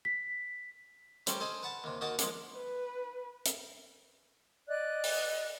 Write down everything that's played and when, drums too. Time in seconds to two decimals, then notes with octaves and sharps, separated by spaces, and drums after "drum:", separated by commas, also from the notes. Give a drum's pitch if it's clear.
0.05 B6
1.27 G3 A3 C4 C#4 G4, drum: hi-hat
1.40 A4 C5 D#5 G#5
1.63 B4 F#5 A5
1.84 D#2 C3
2.01 D#2 A#3 D#4 F#4 F#5 A5
2.18 F3 G#3 A#3 D4, drum: hi-hat
2.56 B4
3.45 drum: hi-hat
4.68 D5 D#5 F#6
5.03 drum: open hi-hat